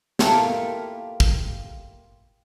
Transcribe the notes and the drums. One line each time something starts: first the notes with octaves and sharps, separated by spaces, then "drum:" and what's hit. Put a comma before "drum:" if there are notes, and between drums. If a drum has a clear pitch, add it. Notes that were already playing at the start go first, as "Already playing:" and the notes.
A#3 E4 F4 G4 A4 A#4, drum: snare
drum: kick